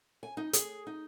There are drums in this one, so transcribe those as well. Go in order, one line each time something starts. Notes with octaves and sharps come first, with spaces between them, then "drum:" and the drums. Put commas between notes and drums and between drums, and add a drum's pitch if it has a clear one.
G#5
D#4
G#4, drum: hi-hat
D#4